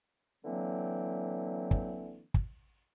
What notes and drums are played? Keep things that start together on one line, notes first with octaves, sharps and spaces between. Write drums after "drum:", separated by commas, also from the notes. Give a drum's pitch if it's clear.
D3 E3 F#3 A#3 C4
drum: kick
drum: kick